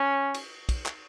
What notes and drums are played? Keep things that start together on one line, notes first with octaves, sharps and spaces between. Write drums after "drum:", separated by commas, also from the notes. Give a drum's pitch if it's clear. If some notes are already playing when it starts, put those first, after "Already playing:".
Already playing: C#4
drum: cymbal
drum: kick, cymbal
drum: clap